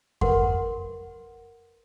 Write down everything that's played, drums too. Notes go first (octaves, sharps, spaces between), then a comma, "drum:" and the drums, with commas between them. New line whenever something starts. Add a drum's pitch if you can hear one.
A#4 B4 F#5 C6, drum: kick F2